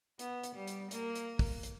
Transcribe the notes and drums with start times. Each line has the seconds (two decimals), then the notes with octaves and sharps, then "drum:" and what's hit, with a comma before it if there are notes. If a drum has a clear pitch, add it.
0.19 B3, drum: hi-hat
0.43 drum: hi-hat
0.55 G3
0.67 drum: hi-hat
0.91 A#3, drum: hi-hat
1.15 drum: hi-hat
1.39 drum: kick, open hi-hat
1.63 drum: hi-hat